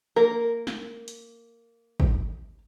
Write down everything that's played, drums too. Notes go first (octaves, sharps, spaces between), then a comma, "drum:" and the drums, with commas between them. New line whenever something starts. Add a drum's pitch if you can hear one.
A#3 A#4
drum: snare
drum: hi-hat
drum: kick